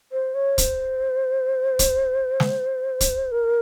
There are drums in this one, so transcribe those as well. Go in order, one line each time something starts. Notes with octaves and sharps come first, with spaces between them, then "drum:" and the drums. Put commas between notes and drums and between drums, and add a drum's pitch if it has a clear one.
C5
C#5
C5, drum: kick, hi-hat
drum: kick, hi-hat
drum: snare
drum: kick, hi-hat
A#4